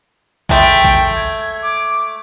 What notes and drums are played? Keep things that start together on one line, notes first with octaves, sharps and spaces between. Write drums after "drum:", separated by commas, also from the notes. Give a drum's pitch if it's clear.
G#3 A3 G5, drum: kick A1
drum: kick A1
G#6
D6